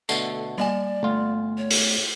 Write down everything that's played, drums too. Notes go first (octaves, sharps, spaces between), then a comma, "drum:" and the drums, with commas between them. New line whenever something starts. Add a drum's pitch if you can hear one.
B2 D3 A3 A4 C7, drum: tambourine
G3 A#3 D5 G#5
G1 A3 F4
C#5
drum: open hi-hat